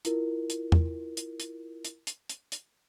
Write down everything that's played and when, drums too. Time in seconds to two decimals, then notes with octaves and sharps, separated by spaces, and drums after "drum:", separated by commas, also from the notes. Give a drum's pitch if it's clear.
0.05 E4 F4 A#4, drum: hi-hat
0.50 drum: hi-hat
0.72 drum: tom E2
1.17 drum: hi-hat
1.40 drum: hi-hat
1.85 drum: hi-hat
2.07 drum: hi-hat
2.29 drum: hi-hat
2.52 drum: hi-hat